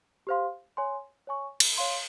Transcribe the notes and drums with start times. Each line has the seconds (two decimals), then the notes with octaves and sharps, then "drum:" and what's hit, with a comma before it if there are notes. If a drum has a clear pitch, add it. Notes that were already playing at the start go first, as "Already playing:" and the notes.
0.27 G4 C5 F5 C6
0.77 C#5 G#5 C6
1.27 C#5 G#5 C#6
1.60 drum: cymbal
1.78 C#5 F5 C6